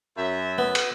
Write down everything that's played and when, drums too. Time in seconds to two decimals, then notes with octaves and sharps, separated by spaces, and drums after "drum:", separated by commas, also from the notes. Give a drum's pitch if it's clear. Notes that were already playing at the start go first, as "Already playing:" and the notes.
0.18 F#2 E5
0.58 B3
0.75 drum: cymbal